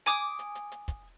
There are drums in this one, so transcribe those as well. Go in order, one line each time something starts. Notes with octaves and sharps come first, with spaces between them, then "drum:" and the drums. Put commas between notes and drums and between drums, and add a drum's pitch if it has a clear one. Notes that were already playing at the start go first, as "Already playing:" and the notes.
G#5 D6 D#6, drum: hi-hat
drum: hi-hat
drum: hi-hat
drum: hi-hat
drum: kick, hi-hat